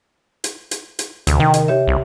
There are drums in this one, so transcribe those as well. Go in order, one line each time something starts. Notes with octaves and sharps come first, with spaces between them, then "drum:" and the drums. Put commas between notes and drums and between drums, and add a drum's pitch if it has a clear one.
drum: hi-hat
drum: hi-hat
drum: hi-hat
D2 C3, drum: hi-hat
D#3 G5
drum: hi-hat
G4 C#5 E5
C2